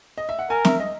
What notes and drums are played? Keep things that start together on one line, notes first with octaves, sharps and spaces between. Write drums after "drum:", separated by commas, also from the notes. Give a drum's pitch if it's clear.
D#5
E5
F#5
A#4 G#5
E5, drum: snare
D#5